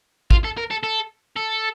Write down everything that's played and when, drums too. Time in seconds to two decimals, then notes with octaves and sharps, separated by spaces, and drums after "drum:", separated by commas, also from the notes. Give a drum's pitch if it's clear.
0.31 F4, drum: kick
0.44 A4
0.57 A#4
0.70 A4
0.83 A4
1.36 A4